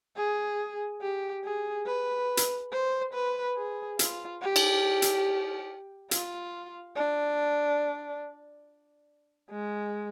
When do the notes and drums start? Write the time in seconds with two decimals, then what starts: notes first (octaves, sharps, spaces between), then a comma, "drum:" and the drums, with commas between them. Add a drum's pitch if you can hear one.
0.17 G#4
1.02 G4
1.44 G#4
1.86 B4
2.37 drum: hi-hat
2.72 C5
3.14 B4
3.56 G#4
3.99 F4, drum: hi-hat
4.42 G4
4.56 drum: cymbal
5.02 drum: hi-hat
6.11 F4, drum: hi-hat
6.96 D4
9.50 G#3